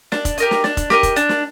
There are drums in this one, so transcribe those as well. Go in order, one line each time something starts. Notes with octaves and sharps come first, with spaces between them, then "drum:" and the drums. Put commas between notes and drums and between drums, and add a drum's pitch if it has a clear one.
D4, drum: snare
drum: kick F1, hi-hat
G4 A#4 D#5, drum: hi-hat
drum: snare
D4, drum: snare
drum: kick F1, hi-hat
G4 A#4 D#5, drum: snare
drum: kick F1, hi-hat
D4, drum: hi-hat
drum: snare